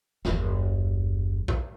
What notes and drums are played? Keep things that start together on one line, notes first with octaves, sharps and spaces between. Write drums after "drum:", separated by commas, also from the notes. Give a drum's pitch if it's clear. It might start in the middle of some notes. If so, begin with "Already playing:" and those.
F#1 D#2, drum: snare
drum: kick